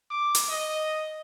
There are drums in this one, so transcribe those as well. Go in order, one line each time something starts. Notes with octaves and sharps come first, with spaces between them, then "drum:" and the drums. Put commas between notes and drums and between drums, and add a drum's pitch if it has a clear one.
D6
drum: hi-hat
D#5